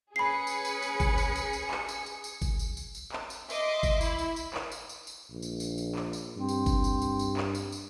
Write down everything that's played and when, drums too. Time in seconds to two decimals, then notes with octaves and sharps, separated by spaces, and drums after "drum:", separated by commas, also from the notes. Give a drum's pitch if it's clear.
0.16 C#4 G#4 B4 B5 C7 C#7
0.47 drum: tambourine
0.65 drum: tambourine
0.82 drum: tambourine
1.00 drum: kick G1, tambourine
1.18 drum: tambourine
1.35 drum: tambourine
1.53 drum: tambourine
1.71 drum: clap
1.88 drum: tambourine
2.06 drum: tambourine
2.24 drum: tambourine
2.42 drum: kick G1, tambourine
2.59 drum: tambourine
2.77 drum: tambourine
2.95 drum: tambourine
3.12 drum: clap
3.30 drum: tambourine
3.50 D#5 E5 C6 D6, drum: tambourine
3.83 drum: kick G1, tambourine
4.01 E4, drum: tambourine
4.18 drum: tambourine
4.36 drum: tambourine
4.54 drum: clap
4.72 drum: tambourine
4.89 drum: tambourine
5.07 drum: tambourine
5.30 A#1
5.42 drum: tambourine
5.60 drum: tambourine
5.78 drum: tambourine
5.95 drum: clap
6.13 drum: tambourine
6.37 G2 C4
6.49 drum: tambourine
6.66 drum: kick G1, tambourine
6.84 drum: tambourine
7.02 drum: tambourine
7.19 drum: tambourine
7.37 drum: clap
7.55 drum: tambourine
7.72 drum: tambourine